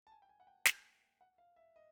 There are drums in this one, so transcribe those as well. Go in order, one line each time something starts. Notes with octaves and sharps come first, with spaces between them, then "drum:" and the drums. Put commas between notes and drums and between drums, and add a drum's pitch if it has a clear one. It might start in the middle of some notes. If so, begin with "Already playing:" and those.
A5
G#5
G5
G#5
F#5
G5
G#5, drum: snare
F#5
F5
E5
D#5